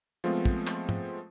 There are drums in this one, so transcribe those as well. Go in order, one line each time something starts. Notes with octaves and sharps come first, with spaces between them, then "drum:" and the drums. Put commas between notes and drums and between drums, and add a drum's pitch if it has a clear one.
F3 G#3 A3 B3 C4 F4
drum: kick
drum: clap
drum: tom